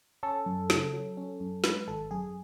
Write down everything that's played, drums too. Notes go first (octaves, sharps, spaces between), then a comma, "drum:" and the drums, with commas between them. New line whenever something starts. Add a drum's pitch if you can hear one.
C#4 A4
F#2
C#3, drum: snare
F#3
C#4
F#2
G#3 B4, drum: snare
G#1 A4
F#2 G#4